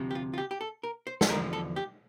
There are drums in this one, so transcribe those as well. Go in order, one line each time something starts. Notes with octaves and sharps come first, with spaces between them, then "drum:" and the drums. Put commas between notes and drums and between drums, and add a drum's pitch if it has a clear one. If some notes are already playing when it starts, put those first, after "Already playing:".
Already playing: D2 C3 F3
G4
F4
F4
G4
G4
A4
A#4
C5
A4, drum: snare
E2 D3 F3 A#4
A4
G4